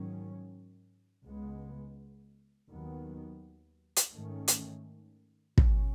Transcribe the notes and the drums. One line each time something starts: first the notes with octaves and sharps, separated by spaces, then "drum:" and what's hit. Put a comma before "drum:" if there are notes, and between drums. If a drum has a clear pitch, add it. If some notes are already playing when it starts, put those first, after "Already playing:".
Already playing: G#2 D#3 F#3 C#4
C#2 C#3 G#3 B3
D#2 D#3 F#3 B3
drum: hi-hat
G#2 D#3 A3 C#4
drum: hi-hat
B2 F#3 C#4, drum: kick